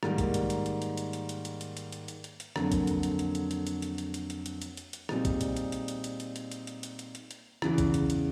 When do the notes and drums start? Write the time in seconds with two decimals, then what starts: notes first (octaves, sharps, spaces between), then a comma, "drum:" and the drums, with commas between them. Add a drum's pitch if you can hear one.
0.03 G#2 D#3 G3 A#3, drum: rim click
0.18 drum: kick, hi-hat
0.34 drum: hi-hat
0.50 drum: hi-hat
0.66 drum: hi-hat
0.82 drum: hi-hat
0.97 drum: hi-hat
1.13 drum: hi-hat
1.29 drum: hi-hat
1.45 drum: hi-hat
1.61 drum: hi-hat
1.77 drum: hi-hat
1.92 drum: hi-hat
2.08 drum: hi-hat
2.24 drum: hi-hat
2.40 drum: hi-hat
2.56 F2 D3 F#3 A#3, drum: rim click
2.72 drum: kick, hi-hat
2.87 drum: hi-hat
3.03 drum: hi-hat
3.19 drum: hi-hat
3.35 drum: hi-hat
3.51 drum: hi-hat
3.67 drum: hi-hat
3.82 drum: hi-hat
3.98 drum: hi-hat
4.14 drum: hi-hat
4.30 drum: hi-hat
4.46 drum: hi-hat
4.62 drum: hi-hat
4.77 drum: hi-hat
4.93 drum: hi-hat
5.09 A#2 G3 C4 D#4 G#4, drum: rim click
5.25 drum: kick, hi-hat
5.41 drum: hi-hat
5.57 drum: hi-hat
5.72 drum: hi-hat
5.88 drum: hi-hat
6.04 drum: hi-hat
6.20 drum: hi-hat
6.36 drum: hi-hat
6.51 drum: hi-hat
6.67 drum: hi-hat
6.83 drum: hi-hat
6.99 drum: hi-hat
7.15 drum: hi-hat
7.31 drum: hi-hat
7.62 E2 C#3 E3, drum: rim click
7.78 drum: kick, hi-hat
7.94 drum: hi-hat
8.10 drum: hi-hat